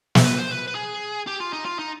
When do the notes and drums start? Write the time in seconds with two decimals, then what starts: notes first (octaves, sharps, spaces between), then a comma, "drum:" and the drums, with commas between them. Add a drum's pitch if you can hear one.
0.15 drum: snare
0.25 B4
0.37 C5
0.51 B4
0.68 B4
0.75 G#4
1.27 G4
1.40 F4
1.53 D#4
1.65 F4
1.79 D#4